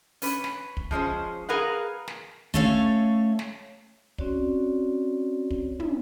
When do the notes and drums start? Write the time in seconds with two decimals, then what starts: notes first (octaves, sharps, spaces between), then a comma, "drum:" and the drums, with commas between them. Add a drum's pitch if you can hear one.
0.22 C#4 B4, drum: open hi-hat
0.44 drum: snare
0.77 drum: kick
0.91 F3 G#3 C#4 C5, drum: kick
1.49 G#4 A#4 B4 F5 F#5
2.08 drum: snare
2.54 A3 C#4 A4 C#5 F5, drum: kick
3.39 drum: snare
4.18 C4 C#4 F#4 C#5 D5, drum: kick
5.50 drum: kick
5.80 drum: tom